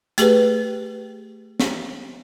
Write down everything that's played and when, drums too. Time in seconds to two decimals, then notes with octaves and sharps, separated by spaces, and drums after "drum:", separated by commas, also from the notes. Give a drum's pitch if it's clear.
0.18 A3 G4 G#4 B4, drum: hi-hat
1.60 drum: snare